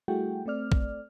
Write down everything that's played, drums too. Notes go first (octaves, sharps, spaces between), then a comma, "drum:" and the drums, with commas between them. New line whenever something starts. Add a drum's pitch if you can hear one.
G3 A3 E4 F#4 G#4 G5
A3 C4 D5 F6
drum: kick A#1